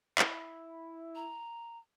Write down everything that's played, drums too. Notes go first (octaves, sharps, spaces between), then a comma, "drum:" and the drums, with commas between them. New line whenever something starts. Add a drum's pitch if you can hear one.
E4, drum: clap
A#5